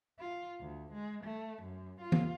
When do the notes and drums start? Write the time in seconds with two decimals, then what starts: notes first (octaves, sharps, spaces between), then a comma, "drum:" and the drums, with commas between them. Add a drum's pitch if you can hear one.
0.19 F4
0.61 D2
0.93 G#3
1.24 A3
1.62 F#2
2.01 F4
2.12 drum: tom E3